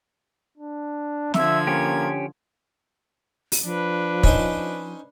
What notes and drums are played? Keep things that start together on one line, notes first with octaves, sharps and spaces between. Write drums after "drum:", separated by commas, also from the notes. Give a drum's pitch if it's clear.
D4
D3 F3 E5 G#6, drum: snare
A#3 C#4 G4
drum: open hi-hat
F3 D4 B4
C#4 D#4 C5, drum: kick